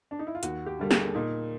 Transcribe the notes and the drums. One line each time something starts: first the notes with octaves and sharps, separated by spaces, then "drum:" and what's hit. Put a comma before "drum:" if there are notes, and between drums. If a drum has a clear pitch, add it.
D4
D#4
E4
F4
D#2 F#4, drum: hi-hat
G4
D3 G3 A#3
G#4, drum: snare
A#2 D#4